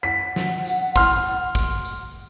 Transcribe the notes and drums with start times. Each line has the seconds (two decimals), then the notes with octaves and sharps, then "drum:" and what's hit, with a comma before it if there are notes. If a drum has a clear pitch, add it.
0.03 F#5 B6
0.36 drum: snare
0.66 drum: tambourine
0.96 C6 F6, drum: kick, tambourine
1.55 drum: kick, tambourine
1.85 drum: tambourine